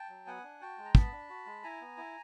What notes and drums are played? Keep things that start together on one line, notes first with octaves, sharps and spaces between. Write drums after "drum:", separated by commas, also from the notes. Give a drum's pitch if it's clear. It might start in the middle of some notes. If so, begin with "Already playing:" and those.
Already playing: G5 A5
F#3
B3 F#5 G#5
D4
F#4 G5 A5
G#3
A#5
B3 A5 B5, drum: kick
D4
F#4
G#3
E4 G#5 A#5
B3
E4